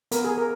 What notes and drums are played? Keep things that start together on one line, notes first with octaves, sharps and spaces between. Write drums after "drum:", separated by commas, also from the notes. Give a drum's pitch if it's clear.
B3 A#4, drum: hi-hat
G#4
A#4